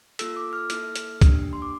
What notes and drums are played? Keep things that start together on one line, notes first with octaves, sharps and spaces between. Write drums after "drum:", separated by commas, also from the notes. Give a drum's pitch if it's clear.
A#3 F4 A4 E6, drum: hi-hat
D6
F6
A#3 E4 A4, drum: hi-hat
drum: hi-hat
A#3 D4 G4, drum: kick C2, hi-hat
C6
D6